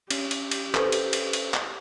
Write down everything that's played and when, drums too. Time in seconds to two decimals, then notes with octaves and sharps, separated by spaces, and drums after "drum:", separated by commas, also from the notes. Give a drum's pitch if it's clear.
0.11 C#4 G4, drum: cymbal
0.31 drum: cymbal
0.51 drum: cymbal
0.75 A4 B4 C5, drum: clap
0.92 drum: cymbal
1.13 drum: cymbal
1.33 drum: cymbal
1.54 drum: clap